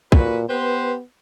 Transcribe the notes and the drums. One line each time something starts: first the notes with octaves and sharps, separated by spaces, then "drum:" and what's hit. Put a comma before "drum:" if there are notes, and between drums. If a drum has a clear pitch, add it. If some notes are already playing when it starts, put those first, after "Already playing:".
A#2 F#4 B4, drum: kick
B3 G4 B4 C5